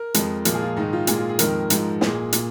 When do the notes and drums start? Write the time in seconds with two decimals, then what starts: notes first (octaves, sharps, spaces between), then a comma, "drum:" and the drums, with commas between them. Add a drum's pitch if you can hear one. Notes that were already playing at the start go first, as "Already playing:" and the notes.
Already playing: A#4
0.14 F2 F3 G#3, drum: hi-hat
0.45 A#2 F3 G#3 A#4, drum: hi-hat
0.54 G#4
0.62 F4
0.77 G#2 D#3 G#3 D#4
0.93 F4
1.07 A#2 G#3 G#4, drum: hi-hat
1.18 F4
1.29 G#4
1.39 F2 D#3 G#3 A#4, drum: hi-hat
1.70 G#2 F3 G#3, drum: hi-hat
2.01 A#2 G#3 G#4, drum: snare
2.33 A#2, drum: hi-hat